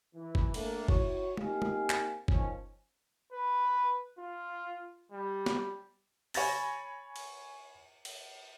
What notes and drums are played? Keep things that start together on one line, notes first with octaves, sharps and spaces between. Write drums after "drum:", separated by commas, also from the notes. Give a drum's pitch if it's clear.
E3
drum: kick F#1
A#2 A3 A#3 D4, drum: cymbal
E4 F#4 C#5, drum: kick F#1
A#3 C4 D#4 G4 F5 G#5, drum: tom
drum: tom
drum: clap
D#3 F3 C#4, drum: kick F#1
B4
F4
G3
drum: snare
C#5 G#5 B5 A6 A#6, drum: open hi-hat
drum: cymbal
drum: cymbal